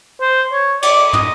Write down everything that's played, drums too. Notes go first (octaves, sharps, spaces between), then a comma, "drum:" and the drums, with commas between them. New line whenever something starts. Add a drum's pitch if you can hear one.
C5
C#5
D5, drum: cymbal
D#5, drum: tom